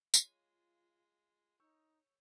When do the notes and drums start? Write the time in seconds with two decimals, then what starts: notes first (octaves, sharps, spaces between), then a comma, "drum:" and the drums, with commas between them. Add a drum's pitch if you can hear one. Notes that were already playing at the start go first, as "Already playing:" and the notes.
0.14 G#3 F4 C#5, drum: tambourine
1.60 D#4 C#5 C#6 E6 G6